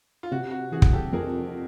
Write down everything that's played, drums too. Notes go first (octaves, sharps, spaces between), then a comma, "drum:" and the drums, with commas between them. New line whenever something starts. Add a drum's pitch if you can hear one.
F4
C3 F#4
F#4
E3 F#4 G#4
drum: kick
G4 A4
F2 G#4 A#4